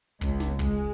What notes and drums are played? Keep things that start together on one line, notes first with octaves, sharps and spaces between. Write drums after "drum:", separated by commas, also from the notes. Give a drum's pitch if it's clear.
C#2, drum: kick
drum: snare
G#3, drum: kick